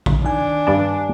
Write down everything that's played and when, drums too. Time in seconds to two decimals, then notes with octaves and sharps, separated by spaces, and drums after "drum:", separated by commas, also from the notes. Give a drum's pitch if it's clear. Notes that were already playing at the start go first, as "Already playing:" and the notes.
0.06 drum: kick A#1
0.25 D#3 D4 G#5
0.67 G2 D5 A5